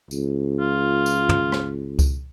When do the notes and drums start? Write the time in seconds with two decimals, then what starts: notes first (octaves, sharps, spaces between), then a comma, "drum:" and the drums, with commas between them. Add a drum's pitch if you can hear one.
0.11 C#2, drum: tambourine
0.60 F4
1.06 drum: tambourine
1.29 drum: tom
1.52 drum: rim click
1.99 drum: kick C#2, tambourine